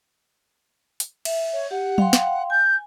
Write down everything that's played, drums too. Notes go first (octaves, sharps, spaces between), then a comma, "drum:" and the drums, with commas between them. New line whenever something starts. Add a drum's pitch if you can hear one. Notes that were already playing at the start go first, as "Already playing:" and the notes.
drum: hi-hat
E5, drum: cymbal
C#5
G4 F#5
F5 G5 C6, drum: tom F#3
drum: snare
G#5 G6